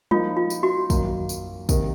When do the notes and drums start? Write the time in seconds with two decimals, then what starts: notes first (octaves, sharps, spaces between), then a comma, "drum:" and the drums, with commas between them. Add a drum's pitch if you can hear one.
0.11 F3 A#3 D#4 F4, drum: tom G3
0.37 F4
0.50 drum: tambourine
0.63 F#4
0.90 F#2 D#3 A#3, drum: kick, tambourine
1.29 drum: tambourine
1.69 C3 D#3 A#3, drum: kick, tambourine